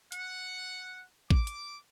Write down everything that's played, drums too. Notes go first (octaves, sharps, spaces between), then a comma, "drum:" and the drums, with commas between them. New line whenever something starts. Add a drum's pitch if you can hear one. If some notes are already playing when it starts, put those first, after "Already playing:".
F#5, drum: hi-hat
D6, drum: kick
drum: hi-hat